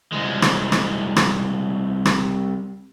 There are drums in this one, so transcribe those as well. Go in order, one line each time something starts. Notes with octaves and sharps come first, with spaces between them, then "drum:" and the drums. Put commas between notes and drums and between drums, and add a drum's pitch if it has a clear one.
C2 G#3
drum: rim click
drum: rim click
drum: rim click
drum: rim click